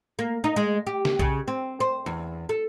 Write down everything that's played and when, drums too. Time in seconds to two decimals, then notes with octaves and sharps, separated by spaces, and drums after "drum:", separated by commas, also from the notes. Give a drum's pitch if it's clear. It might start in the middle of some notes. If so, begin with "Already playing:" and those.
0.19 A#3
0.44 D#4
0.56 G#3
0.87 G4
1.05 drum: snare
1.19 C#3, drum: kick B1
1.48 C4
1.80 C5
2.06 E2
2.49 A4